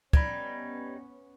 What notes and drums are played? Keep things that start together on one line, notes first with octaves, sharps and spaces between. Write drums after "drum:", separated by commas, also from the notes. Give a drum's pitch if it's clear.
G3 B3 C#4 D#4 B5 G#6, drum: kick